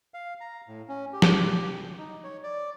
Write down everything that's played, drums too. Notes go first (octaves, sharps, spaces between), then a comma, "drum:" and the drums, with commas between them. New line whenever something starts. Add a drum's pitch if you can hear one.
F5
A#5
A2
C#4
G4
drum: snare
D#4
C#5
D5